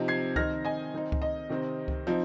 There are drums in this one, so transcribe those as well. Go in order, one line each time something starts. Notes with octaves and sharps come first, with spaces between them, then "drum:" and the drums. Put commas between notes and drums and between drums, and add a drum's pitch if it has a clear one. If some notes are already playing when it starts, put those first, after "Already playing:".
Already playing: C3 F3 C4 D#4
G#6 C7
D#3 C4 D#4 F6 A#6, drum: kick C#2
D#5 G#5
D#3 C4 D#4
drum: kick C#2
D#5
C3 D#3 C4
drum: kick C#2
F3 C4 D#4